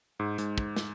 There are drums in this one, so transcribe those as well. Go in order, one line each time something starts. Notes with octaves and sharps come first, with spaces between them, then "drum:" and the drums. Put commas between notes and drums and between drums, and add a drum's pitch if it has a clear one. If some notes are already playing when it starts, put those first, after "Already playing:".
G#2
G#2, drum: hi-hat
drum: kick
drum: snare